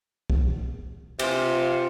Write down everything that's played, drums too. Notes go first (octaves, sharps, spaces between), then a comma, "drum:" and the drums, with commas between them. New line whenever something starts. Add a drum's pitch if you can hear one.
drum: kick
C3 F4 G#5, drum: cymbal